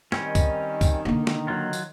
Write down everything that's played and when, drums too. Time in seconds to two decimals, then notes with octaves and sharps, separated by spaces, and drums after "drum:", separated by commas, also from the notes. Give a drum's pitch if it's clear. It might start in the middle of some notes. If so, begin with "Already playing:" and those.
0.12 D#3 G3 C4 C#4, drum: snare
0.35 drum: kick C2, tambourine
0.81 drum: kick C2, tambourine
1.05 D3 A#3
1.27 drum: snare
1.48 F#3 F4
1.73 drum: tambourine